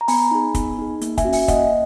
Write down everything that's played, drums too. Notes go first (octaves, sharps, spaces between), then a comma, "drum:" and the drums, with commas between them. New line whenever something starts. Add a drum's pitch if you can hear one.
A#5
B3 G#5 B5, drum: open hi-hat
D#4 G#4
B3, drum: kick, hi-hat
D#4 G#4
A#3, drum: hi-hat
E5 G#5, drum: kick, hi-hat
C#4 F#4
E5 G#5, drum: open hi-hat
A#3 D#5 F#5, drum: kick, hi-hat